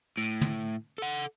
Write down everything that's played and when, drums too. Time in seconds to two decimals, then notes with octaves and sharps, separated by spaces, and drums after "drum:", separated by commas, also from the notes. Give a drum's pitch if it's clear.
0.17 A2, drum: hi-hat
0.41 drum: tom
0.98 A4 F#5